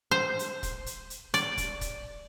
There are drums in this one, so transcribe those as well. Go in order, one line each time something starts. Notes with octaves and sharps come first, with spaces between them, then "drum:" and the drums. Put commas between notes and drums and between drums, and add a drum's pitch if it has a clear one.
C5
drum: hi-hat
drum: kick, hi-hat
drum: hi-hat
drum: hi-hat
D5, drum: hi-hat
drum: kick, hi-hat
drum: kick, hi-hat